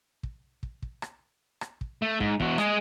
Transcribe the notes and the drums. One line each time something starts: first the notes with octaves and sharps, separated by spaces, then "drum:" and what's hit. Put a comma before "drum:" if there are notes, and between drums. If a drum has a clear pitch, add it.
drum: kick
drum: kick
drum: kick
drum: rim click
drum: rim click
drum: kick
A3
G#2, drum: kick
E2 F#4, drum: kick
G#3 G#4, drum: rim click